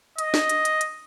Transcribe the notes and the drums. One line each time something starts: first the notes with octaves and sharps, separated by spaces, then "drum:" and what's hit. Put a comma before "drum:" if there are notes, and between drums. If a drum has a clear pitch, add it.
D#5, drum: hi-hat
drum: snare
drum: hi-hat
drum: hi-hat
drum: hi-hat